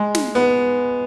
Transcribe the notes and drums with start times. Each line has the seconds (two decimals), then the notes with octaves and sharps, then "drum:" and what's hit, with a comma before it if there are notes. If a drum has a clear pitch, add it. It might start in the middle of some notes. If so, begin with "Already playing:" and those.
Already playing: G#3
0.15 drum: snare
0.35 B3